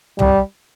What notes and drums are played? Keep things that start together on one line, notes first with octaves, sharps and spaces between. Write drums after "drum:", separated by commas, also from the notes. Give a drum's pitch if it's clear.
G3, drum: tom